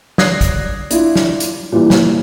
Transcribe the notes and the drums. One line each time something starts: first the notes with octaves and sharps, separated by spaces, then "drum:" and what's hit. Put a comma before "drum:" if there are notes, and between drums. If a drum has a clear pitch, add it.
D5 D#6 F#6 G#6 A#6 C7, drum: snare
drum: kick, hi-hat
D4 E4 F4, drum: hi-hat
drum: snare
drum: hi-hat
A#2 E3 G3
drum: snare